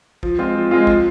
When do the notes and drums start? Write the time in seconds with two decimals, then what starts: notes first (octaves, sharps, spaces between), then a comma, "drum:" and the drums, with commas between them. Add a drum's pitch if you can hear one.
0.23 F3, drum: kick
0.39 G#3 C4 F4
0.55 F3
0.71 G#3 C4 F4
0.87 F3, drum: kick